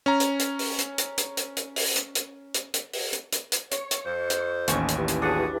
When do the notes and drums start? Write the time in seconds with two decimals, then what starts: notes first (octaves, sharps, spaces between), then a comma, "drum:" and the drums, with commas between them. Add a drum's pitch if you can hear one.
0.06 C#4 A#5
0.20 drum: hi-hat
0.39 drum: hi-hat
0.59 drum: open hi-hat
0.78 drum: hi-hat
0.98 drum: hi-hat
1.17 drum: hi-hat
1.37 drum: hi-hat
1.57 drum: hi-hat
1.76 drum: open hi-hat
1.96 drum: hi-hat
2.15 drum: hi-hat
2.54 drum: hi-hat
2.74 drum: hi-hat
2.93 drum: open hi-hat
3.13 drum: hi-hat
3.32 drum: hi-hat
3.52 drum: hi-hat
3.71 C#5 C#6, drum: hi-hat
3.91 drum: hi-hat
4.05 F2 C5
4.30 drum: hi-hat
4.68 A1 D#2 C#4 C#6, drum: hi-hat
4.88 drum: hi-hat
4.98 E4 G4 B4
5.08 drum: hi-hat
5.22 F#3 D4 F#4 G#4